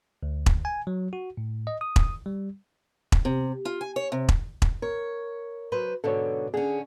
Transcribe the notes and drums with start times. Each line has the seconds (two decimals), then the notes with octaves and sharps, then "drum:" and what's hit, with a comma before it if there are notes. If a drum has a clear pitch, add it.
0.23 D2
0.46 drum: kick E1
0.65 G#5
0.87 F#3
1.13 F#4
1.37 A2
1.67 D#5
1.81 D#6
1.96 drum: kick E1
2.26 G3
3.12 drum: kick E1
3.25 C3
3.65 F4
3.81 G#5
3.96 C#5
4.12 C3
4.29 drum: kick E1
4.62 drum: kick E1
4.82 A#4 C#5
5.72 F#3 B4 C5
6.04 G#2 B2 D3 A4 C#5
6.54 D3 C#4 G#4